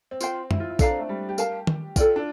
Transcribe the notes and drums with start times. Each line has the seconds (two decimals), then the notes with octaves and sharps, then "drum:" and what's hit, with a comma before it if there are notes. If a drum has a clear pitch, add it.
0.11 C4
0.21 F4 C5 G5, drum: tambourine
0.51 E4, drum: tom F#2
0.60 F4
0.70 E4
0.79 D4 A4 D5 F5 A#5, drum: kick, tambourine
0.90 C4
0.99 A3
1.09 G3
1.29 G4
1.38 A#4 F5 A5, drum: tambourine
1.67 drum: tom D#3
1.96 F4 A4 D5 G5, drum: kick, tambourine
2.16 D4